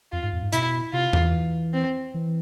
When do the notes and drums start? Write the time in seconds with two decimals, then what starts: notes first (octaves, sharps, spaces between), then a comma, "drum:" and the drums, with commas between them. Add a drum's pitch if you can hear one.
0.12 F2 F4
0.23 G#2
0.33 F2
0.43 G#2
0.53 B2 E4, drum: hi-hat
0.93 C3 F4
1.13 E3, drum: tom E2
1.73 C4
2.14 E3